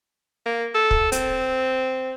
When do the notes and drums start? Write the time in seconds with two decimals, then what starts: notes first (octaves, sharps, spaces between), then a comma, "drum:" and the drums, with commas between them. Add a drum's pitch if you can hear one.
0.46 A#3
0.74 A4
0.91 drum: kick
1.12 C4, drum: hi-hat